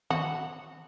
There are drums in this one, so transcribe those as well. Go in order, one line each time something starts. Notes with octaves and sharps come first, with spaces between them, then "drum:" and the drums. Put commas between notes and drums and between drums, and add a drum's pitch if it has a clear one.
F#4, drum: tom D#3